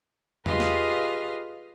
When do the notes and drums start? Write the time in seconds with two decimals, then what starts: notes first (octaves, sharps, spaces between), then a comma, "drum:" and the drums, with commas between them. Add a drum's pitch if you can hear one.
0.46 F4 G4 G#4 B4 D#5 F5, drum: tom
0.60 drum: snare